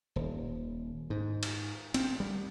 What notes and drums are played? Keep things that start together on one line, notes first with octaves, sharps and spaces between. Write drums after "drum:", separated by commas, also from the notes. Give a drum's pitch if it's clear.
D#1
G#2
drum: cymbal
C4, drum: cymbal
G3